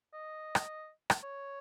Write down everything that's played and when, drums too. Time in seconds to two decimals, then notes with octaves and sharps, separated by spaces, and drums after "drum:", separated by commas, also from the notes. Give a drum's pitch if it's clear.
0.13 D#5
0.55 drum: rim click
1.10 drum: rim click
1.23 C#5